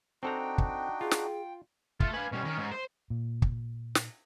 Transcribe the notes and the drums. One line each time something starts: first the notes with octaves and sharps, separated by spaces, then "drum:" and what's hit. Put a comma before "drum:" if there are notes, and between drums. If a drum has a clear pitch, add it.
C4 D4 D#4 F#4 A4 G5 A#5
drum: kick
F4 G#4
drum: snare
A3 F4, drum: kick
B4 F5 G#5
B2 G3 C#4
D#3
G#2
C5
A#2
drum: kick
drum: snare